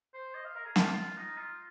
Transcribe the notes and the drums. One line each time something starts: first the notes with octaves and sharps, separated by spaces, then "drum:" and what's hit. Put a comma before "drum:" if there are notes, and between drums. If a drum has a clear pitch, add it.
C5
D#5
F5
A#4
G#4
F4, drum: snare
D#4
F4